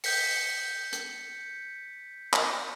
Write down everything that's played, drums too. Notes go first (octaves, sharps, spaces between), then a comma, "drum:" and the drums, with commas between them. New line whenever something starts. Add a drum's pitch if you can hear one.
G6 B6 C#7, drum: open hi-hat
drum: hi-hat
drum: clap